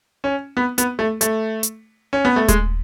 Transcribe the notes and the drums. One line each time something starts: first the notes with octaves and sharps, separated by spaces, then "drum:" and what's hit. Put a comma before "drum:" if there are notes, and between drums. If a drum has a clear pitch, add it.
C#4
B3
B3, drum: hi-hat
A3
A3, drum: hi-hat
drum: hi-hat
C#4
B3
A3
G#3, drum: kick D#1, hi-hat